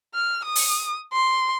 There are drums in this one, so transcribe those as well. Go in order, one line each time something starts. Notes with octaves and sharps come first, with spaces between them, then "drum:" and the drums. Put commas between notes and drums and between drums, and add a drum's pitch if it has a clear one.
F6
D#6
drum: open hi-hat
C6